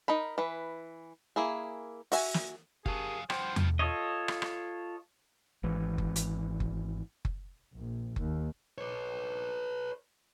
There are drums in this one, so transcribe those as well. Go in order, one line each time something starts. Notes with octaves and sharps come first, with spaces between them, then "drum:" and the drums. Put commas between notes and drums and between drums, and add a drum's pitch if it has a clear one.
D#4 A#4 B5
E3 B4
A#3 E4 G#4
F#4 E5 G#5, drum: open hi-hat
drum: snare
F#3 G4 G#4 A#4 F5 A5, drum: kick F#1
G2 F3 C5 F#5 G5, drum: rim click
drum: tom E2
F4 A4 C#5 D#5
drum: rim click
drum: rim click
G#1 E3
drum: kick F#1
drum: hi-hat
drum: kick F#1
drum: kick F#1
A#1
D#2, drum: kick F#1
B4 C#5